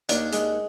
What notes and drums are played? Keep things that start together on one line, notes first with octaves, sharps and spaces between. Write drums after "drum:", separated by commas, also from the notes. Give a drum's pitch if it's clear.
D#2 D4, drum: hi-hat
G#3, drum: hi-hat